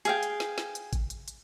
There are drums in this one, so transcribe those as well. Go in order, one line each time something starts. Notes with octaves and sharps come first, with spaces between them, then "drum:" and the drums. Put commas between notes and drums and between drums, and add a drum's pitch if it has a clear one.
G#4 F5 G5, drum: hi-hat
drum: hi-hat
drum: snare
drum: snare
drum: hi-hat
drum: kick G#1, hi-hat
drum: hi-hat
drum: hi-hat